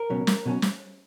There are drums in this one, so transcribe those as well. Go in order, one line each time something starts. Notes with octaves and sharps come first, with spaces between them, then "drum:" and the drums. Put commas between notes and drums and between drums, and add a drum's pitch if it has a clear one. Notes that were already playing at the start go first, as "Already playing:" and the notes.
Already playing: A#4
C#2 B2 F#3 C#4
drum: snare
B2 F#3 C#4
drum: snare